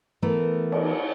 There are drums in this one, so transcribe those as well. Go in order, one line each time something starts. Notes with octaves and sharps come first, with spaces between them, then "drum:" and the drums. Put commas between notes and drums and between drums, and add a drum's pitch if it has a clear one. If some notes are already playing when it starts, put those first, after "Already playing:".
E3 A3 B3 A#4
drum: cymbal